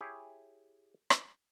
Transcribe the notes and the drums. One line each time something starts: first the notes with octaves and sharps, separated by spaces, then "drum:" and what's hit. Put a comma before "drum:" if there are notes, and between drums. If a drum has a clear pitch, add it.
E4 G4 G#4 C#5
drum: rim click